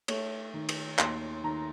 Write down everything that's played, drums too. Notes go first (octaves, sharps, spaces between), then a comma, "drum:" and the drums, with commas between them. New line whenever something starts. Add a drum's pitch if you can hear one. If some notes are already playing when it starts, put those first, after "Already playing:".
A3 C#5, drum: cymbal
D#3
drum: cymbal
D#2 C6, drum: clap
D#3 A#5